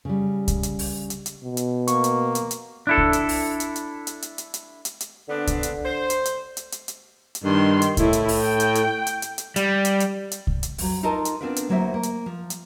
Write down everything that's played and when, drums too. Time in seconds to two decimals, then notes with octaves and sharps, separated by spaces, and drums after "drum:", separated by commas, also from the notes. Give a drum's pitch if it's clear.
0.05 C#3 G3
0.48 drum: kick C2, hi-hat
0.63 drum: hi-hat
0.79 drum: open hi-hat
1.10 drum: hi-hat
1.26 drum: hi-hat
1.44 B2
1.57 drum: hi-hat
1.88 A#3 C#6, drum: hi-hat
2.04 drum: hi-hat
2.35 drum: hi-hat
2.51 drum: hi-hat
2.87 D4 E4 A4
2.98 drum: kick C2
3.13 drum: hi-hat
3.29 drum: open hi-hat
3.60 drum: hi-hat
3.76 drum: hi-hat
4.07 drum: hi-hat
4.22 drum: hi-hat
4.38 drum: hi-hat
4.54 drum: hi-hat
4.85 drum: hi-hat
5.01 drum: hi-hat
5.28 D3 B3 C4 D4
5.47 drum: kick C2, hi-hat
5.63 drum: hi-hat
5.85 C5
6.10 drum: hi-hat
6.25 drum: hi-hat
6.57 drum: hi-hat
6.72 drum: hi-hat
6.88 drum: hi-hat
7.35 drum: hi-hat
7.44 G2 D#3 C6
7.82 drum: hi-hat
7.97 A2 E4, drum: kick C2, hi-hat
8.13 drum: hi-hat
8.28 drum: open hi-hat
8.40 G5
8.60 drum: hi-hat
8.75 drum: hi-hat
9.07 drum: hi-hat
9.22 drum: hi-hat
9.38 drum: hi-hat
9.56 G3, drum: hi-hat
9.85 drum: hi-hat
10.00 drum: hi-hat
10.32 drum: hi-hat
10.47 drum: kick C2
10.63 drum: hi-hat
10.78 F2 F#3, drum: open hi-hat
11.03 D#4 F4 A4 A#4 D#5 A5
11.25 drum: hi-hat
11.41 B3 C4 D4 F4 A#4 B4
11.56 drum: hi-hat
11.69 D2 F#3 A#3 E4 C5 E5
11.94 A#3
12.03 drum: hi-hat
12.26 F3
12.50 drum: hi-hat